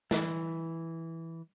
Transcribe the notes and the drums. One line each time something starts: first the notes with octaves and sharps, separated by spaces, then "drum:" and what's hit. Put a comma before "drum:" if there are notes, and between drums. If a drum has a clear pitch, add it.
E3, drum: snare